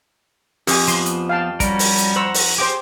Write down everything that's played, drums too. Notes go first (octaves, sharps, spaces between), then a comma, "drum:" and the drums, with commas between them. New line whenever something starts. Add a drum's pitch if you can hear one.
F2 G4 G#5, drum: open hi-hat
F3 B3 C6, drum: hi-hat
drum: hi-hat
F5 G5 A5
G3 C#4 F#4 A#4, drum: kick, hi-hat
drum: open hi-hat
drum: hi-hat
C5 F#5 A#5 C#6 E6
drum: open hi-hat
G4 G#4 C5 G5 D6